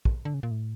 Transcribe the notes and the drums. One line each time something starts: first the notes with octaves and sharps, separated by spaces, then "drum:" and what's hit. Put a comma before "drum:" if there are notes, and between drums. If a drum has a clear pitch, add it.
drum: kick
D3
C#3
A#2
A2